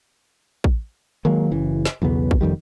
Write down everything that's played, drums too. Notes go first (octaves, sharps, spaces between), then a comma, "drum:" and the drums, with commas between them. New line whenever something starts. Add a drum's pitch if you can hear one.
drum: kick
D#3 F#3 G#3 A#3
F#1 C#3 E3
drum: snare
B1 E2 C#3 B3
drum: kick
F1 F2 D#3 G3